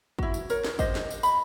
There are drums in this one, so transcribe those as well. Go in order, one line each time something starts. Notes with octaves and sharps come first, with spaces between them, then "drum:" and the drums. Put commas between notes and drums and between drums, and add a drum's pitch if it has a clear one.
E4 F#4, drum: kick G#1
drum: tambourine
A#4 C#5, drum: tambourine
drum: snare
G4 C5 D#5, drum: kick G#1, tambourine
drum: snare
drum: tambourine
B5, drum: tambourine